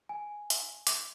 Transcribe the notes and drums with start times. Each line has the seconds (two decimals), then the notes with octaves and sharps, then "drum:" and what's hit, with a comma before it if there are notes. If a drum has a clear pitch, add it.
0.09 G#5
0.50 drum: hi-hat
0.87 D6, drum: hi-hat